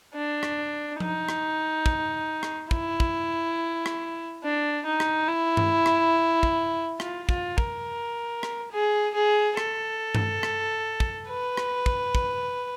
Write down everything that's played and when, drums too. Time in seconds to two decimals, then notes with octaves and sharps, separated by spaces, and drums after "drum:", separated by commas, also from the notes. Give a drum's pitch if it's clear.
0.15 D4
0.43 drum: rim click
1.00 D#4, drum: tom F3
1.29 drum: rim click
1.86 drum: kick
2.43 drum: rim click
2.71 E4, drum: kick
3.00 drum: kick
3.86 drum: rim click
4.44 D4
4.86 D#4
5.00 drum: rim click
5.28 E4
5.57 drum: tom G2
5.86 drum: rim click
6.43 drum: kick
7.00 F4, drum: rim click
7.29 F4, drum: kick
7.58 A#4, drum: kick
8.43 drum: rim click
8.72 G#4
9.14 G#4
9.57 A4, drum: rim click
10.15 drum: tom G2
10.43 drum: rim click
11.00 drum: kick
11.28 B4
11.57 drum: rim click
11.86 drum: kick
12.15 drum: kick